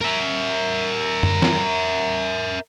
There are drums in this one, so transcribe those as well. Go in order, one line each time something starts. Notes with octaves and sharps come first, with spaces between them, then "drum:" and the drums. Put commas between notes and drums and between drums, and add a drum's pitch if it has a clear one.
A#4 E5
drum: tom F#2
drum: snare